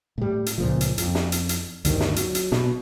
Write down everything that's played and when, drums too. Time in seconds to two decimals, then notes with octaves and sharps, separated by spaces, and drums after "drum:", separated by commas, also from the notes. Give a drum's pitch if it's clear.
0.18 A2 G3
0.46 drum: hi-hat
0.58 C#2 A#2 F3
0.81 drum: hi-hat
0.98 F2, drum: hi-hat
1.15 drum: snare
1.32 drum: hi-hat
1.49 drum: hi-hat
1.85 D2 G2 D#3, drum: hi-hat
2.00 drum: snare
2.16 F#3, drum: hi-hat
2.35 drum: hi-hat
2.52 B2, drum: snare